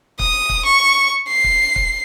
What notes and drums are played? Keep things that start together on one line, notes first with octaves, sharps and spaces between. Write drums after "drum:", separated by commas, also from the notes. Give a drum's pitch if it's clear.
D#6, drum: kick
drum: kick
C#6
C7
drum: kick
drum: kick